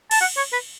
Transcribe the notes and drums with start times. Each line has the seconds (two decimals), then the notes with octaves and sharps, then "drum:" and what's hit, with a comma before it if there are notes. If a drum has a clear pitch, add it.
0.11 A5, drum: cymbal
0.21 F#5
0.37 C#5
0.53 B4